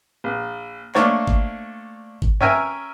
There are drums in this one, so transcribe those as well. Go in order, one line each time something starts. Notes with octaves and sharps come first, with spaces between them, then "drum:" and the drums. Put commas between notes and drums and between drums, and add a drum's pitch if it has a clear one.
A#1
A3 A#3 D4 C5 C#5, drum: clap
drum: kick G#1
drum: kick G#1
C#4 A#4 E5 G5 G#5 A#5, drum: tom F#2